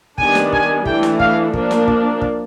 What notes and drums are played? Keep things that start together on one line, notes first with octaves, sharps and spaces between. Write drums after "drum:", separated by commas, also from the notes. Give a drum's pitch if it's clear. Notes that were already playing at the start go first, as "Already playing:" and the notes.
D#3 G3 B3 D4 G#5, drum: kick
drum: snare
G#5, drum: kick
E3 A3 D4 G5, drum: kick
drum: snare
F5, drum: kick
F3 A#3 D4, drum: kick
drum: snare
drum: kick
drum: kick